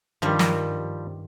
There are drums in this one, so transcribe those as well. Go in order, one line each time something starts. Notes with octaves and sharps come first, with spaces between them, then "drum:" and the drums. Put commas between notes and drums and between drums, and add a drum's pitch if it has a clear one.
G2 D#3 F3 G3
drum: snare